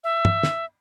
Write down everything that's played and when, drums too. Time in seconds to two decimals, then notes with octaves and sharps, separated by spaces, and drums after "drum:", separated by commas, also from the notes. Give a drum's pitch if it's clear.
0.04 E5
0.25 drum: tom
0.43 drum: snare